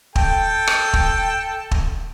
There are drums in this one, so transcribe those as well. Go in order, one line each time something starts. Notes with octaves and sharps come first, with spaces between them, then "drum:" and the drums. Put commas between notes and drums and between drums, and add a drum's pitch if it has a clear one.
A4 G5, drum: kick
drum: rim click
drum: kick
drum: kick